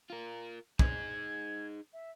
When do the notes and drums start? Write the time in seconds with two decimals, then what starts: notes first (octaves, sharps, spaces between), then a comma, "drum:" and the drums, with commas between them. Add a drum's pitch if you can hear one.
0.10 F4 A#4
0.79 D#4 G#4 G#6, drum: kick
1.93 E5